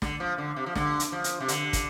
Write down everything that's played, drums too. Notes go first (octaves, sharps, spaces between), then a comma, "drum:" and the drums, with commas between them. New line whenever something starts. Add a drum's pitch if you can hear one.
D3, drum: snare
F3
D3
C3
F3
D3, drum: snare
drum: hi-hat
F3
drum: hi-hat
C3
D3, drum: hi-hat
drum: kick, hi-hat